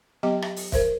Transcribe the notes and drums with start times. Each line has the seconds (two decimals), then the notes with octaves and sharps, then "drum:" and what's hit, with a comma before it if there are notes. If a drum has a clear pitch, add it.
0.23 F#3 B3 G4 D#5 G5 D6
0.42 E5, drum: rim click
0.56 drum: open hi-hat
0.72 A#4 C5 E5, drum: kick, hi-hat